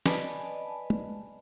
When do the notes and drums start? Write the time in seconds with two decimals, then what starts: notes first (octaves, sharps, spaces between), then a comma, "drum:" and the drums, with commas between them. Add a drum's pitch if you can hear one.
0.06 B4 D5 D#5 G#5 A5 B5, drum: snare
0.90 drum: tom